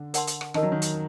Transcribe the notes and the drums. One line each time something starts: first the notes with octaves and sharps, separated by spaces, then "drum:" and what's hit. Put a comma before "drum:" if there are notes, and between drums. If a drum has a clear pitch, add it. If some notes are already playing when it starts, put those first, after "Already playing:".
Already playing: D3
A#4 D5 F#5 A5 C6, drum: hi-hat
drum: hi-hat
drum: rim click
D#3 A#4 D#5 A5, drum: rim click
F#3
D#3
drum: hi-hat